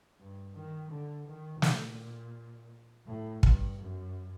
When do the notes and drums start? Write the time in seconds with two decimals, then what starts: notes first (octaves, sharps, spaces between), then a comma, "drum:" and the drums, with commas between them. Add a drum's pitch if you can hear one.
0.19 G2
0.54 D#3
0.91 D3
1.27 D#3
1.62 A#2, drum: snare
3.06 A2
3.43 G2, drum: kick
3.79 F#2